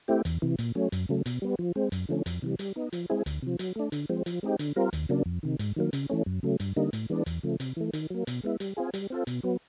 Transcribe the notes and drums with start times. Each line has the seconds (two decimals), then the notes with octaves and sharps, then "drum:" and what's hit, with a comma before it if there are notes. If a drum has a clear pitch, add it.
0.08 A3 C4 E4 G4
0.25 E2, drum: hi-hat
0.42 C3 E3
0.59 A#2, drum: hi-hat
0.75 F#3 A3 C#4
0.92 F#2, drum: hi-hat
1.09 C#3 F#3 A3
1.26 B2, drum: hi-hat
1.42 G3 B3
1.59 F3
1.76 G#3 C4
1.92 F#2, drum: hi-hat
2.09 D3 F3 A3 C#4
2.26 F2, drum: hi-hat
2.42 C3 E3 G3
2.59 G3, drum: hi-hat
2.76 B3 D#4
2.93 F3, drum: hi-hat
3.10 G#3 C4 E4 G#4
3.26 D2, drum: hi-hat
3.43 C3 F3
3.59 F#3, drum: hi-hat
3.76 A3 D4
3.92 D3, drum: hi-hat
4.09 F3 G#3 C4
4.26 F3, drum: hi-hat
4.43 G#3 C4 D#4 G4
4.59 D3, drum: hi-hat
4.76 G3 C4 F4 A#4
4.93 D#2, drum: hi-hat
5.09 C#3 F#3 A#3 D4
5.26 F2
5.43 C3 D#3
5.59 G#2, drum: hi-hat
5.76 D#3 F#3 A#3
5.93 C#3, drum: hi-hat
6.10 E3 A3 C#4
6.26 F#2
6.43 C#3 F#3 A3
6.60 G2, drum: hi-hat
6.76 D3 G3 A#3 D#4
6.93 A2, drum: hi-hat
7.10 E3 G#3 B3 D4
7.26 E2, drum: hi-hat
7.43 C#3 F3 A3
7.60 C3, drum: hi-hat
7.76 E3 A3
7.93 D#3, drum: hi-hat
8.10 F#3 A#3
8.27 B2, drum: hi-hat
8.43 G#3 B3 E4
8.60 G3, drum: hi-hat
8.77 C4 F4 G#4
8.94 G3, drum: hi-hat
9.10 C4 F4 A4
9.27 B2, drum: hi-hat
9.43 F#3 B3